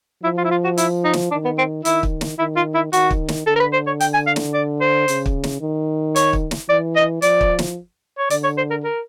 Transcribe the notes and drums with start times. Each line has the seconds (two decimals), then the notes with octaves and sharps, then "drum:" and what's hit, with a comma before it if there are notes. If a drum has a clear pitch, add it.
0.23 F3 E4
0.37 F4
0.44 E4
0.51 F4
0.64 F#4
0.78 E4, drum: hi-hat
1.04 D#4
1.13 drum: snare
1.31 D#3 D4
1.45 B3
1.58 C4
1.85 D#3 E4, drum: hi-hat
2.03 drum: kick
2.21 drum: snare
2.38 D#3 E4
2.56 F4
2.75 E4
2.93 D#3 F#4, drum: hi-hat
3.11 drum: kick
3.28 drum: snare
3.46 D3 A4
3.56 A#4
3.60 B4
3.73 C5
3.87 C#5
4.00 G5, drum: hi-hat
4.14 G#5
4.27 F5
4.36 drum: snare
4.54 D5
4.81 C5
5.08 C#3, drum: hi-hat
5.26 drum: kick
5.44 drum: snare
5.61 D#3
6.16 C#5, drum: hi-hat
6.33 drum: kick
6.51 drum: snare
6.69 E3 D5
6.96 D#5
7.22 F3 D5, drum: hi-hat
7.41 drum: kick
7.59 drum: snare
8.18 C#5
8.30 D3 D5, drum: hi-hat
8.43 C#5
8.57 C5
8.70 A#4
8.84 A#4